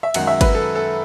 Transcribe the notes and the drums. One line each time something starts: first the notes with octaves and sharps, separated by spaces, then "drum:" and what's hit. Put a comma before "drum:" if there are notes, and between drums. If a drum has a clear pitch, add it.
E5
F#2 D#3 G#3 F#5, drum: cymbal
E5
B4, drum: kick G#1, cymbal
A4
A4